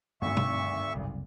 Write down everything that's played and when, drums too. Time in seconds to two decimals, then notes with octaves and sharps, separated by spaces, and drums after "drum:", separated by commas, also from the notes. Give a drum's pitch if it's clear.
0.22 G#1 D2 G2 C4 E5 C#6
0.37 drum: tom
0.95 F#1 C2